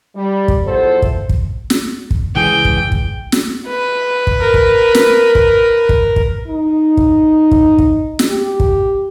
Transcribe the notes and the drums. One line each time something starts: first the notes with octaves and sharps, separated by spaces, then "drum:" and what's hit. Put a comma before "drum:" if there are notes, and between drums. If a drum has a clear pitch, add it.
G3
drum: kick
E2 F3 B3 A4 C5
drum: kick
drum: kick
drum: snare
drum: kick
C#2 E3 G#4 G5
drum: kick
drum: kick
drum: snare
B4
drum: kick
A#4
drum: kick
drum: snare
drum: kick
drum: kick
drum: kick
D#4
drum: kick
drum: kick
drum: kick
drum: snare
G4
drum: kick